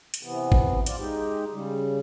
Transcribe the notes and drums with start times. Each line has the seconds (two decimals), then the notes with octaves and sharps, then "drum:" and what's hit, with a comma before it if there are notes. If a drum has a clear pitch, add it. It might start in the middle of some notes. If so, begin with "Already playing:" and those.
0.14 drum: hi-hat
0.23 C3 E3 B3
0.52 drum: kick
0.86 F4 D5, drum: hi-hat
0.98 G#3 D#4 G4
1.50 C#3 G3